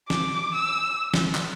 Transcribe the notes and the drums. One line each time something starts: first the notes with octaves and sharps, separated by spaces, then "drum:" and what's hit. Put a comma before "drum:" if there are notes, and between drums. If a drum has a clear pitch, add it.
D6, drum: snare
E6
drum: snare
drum: clap